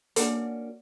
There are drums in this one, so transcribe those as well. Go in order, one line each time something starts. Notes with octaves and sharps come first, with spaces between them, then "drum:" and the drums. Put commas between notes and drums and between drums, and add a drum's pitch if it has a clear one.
A#3 C#4 D4 F#4, drum: hi-hat